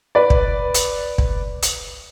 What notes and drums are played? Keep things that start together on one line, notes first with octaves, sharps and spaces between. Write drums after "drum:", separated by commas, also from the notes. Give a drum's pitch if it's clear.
B4 D5
drum: kick
drum: hi-hat
drum: kick
drum: hi-hat